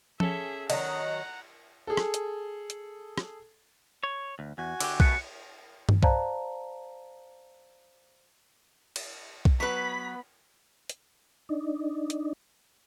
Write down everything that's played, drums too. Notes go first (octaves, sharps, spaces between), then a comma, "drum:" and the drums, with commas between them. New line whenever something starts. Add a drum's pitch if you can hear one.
C#4 G#4 A4 E5, drum: tom F3
D3 D#3 F#3 D#5 F#5 A#5, drum: cymbal
G#4 A4
drum: rim click
drum: hi-hat
drum: hi-hat
drum: rim click
C#5
D2
E2 F#4 G#5
D3 G4, drum: cymbal
B2 A3 B3 F#6 C#7, drum: kick B1
drum: tom G2
C5 D5 F5 A5 A#5, drum: kick B1
drum: cymbal
drum: kick B1
F#3 B3 B4 B5 B6
drum: hi-hat
D4 D#4
drum: hi-hat